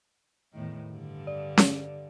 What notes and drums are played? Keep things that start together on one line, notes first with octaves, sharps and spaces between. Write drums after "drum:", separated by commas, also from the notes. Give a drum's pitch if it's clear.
E2 A2 D#3
G2 D3
D5
drum: snare C#4